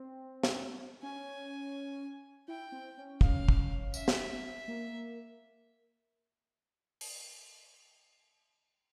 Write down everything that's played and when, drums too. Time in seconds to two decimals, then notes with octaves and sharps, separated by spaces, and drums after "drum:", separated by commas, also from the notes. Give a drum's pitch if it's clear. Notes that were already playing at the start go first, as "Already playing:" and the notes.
Already playing: C4
0.43 drum: snare
1.03 C#4 G#5
2.48 E4 G5
2.72 C4
2.98 C#4
3.21 F5, drum: kick
3.49 drum: kick
3.94 E5, drum: tambourine
4.08 drum: snare
4.68 A#3
7.01 drum: open hi-hat